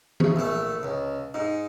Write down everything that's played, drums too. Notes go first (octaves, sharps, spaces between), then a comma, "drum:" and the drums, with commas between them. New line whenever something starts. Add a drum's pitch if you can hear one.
E5 C#6, drum: tom E3
A#1 A3
C#2
G#2 D#4